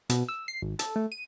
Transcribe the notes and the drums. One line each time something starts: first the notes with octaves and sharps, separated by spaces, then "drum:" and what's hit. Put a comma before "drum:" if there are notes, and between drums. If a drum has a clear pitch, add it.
B2, drum: hi-hat
E6
C7
G#1
A4, drum: hi-hat
A3
D#7